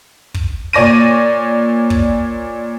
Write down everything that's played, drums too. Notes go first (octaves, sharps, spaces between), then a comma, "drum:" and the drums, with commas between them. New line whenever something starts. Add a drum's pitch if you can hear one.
drum: kick
A#2 C#5 D5 A#6 D#7
drum: kick